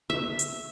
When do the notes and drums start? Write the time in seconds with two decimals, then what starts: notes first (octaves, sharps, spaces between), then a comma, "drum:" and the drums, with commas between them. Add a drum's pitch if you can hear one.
0.10 E5
0.39 drum: hi-hat